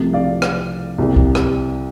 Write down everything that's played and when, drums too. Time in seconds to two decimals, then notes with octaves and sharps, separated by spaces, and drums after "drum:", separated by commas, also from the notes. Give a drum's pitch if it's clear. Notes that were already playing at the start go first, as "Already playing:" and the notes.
Already playing: C2 C3 F3 A3
0.13 D5 F5
0.42 drum: rim click
0.98 C2 C3 G3
1.17 drum: kick
1.35 drum: rim click